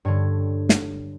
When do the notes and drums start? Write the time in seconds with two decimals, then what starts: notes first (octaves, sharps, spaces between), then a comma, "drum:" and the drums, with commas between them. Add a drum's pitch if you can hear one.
0.05 G2 D3 C#5
0.69 drum: snare